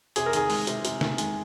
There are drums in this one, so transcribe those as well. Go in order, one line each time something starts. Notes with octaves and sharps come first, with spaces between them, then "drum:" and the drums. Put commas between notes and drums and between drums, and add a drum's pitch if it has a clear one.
C3 G#4, drum: hi-hat
A#4
D#3 G#4, drum: hi-hat
G#3, drum: open hi-hat
C3, drum: hi-hat
C3, drum: hi-hat
D#3, drum: snare
G#3, drum: hi-hat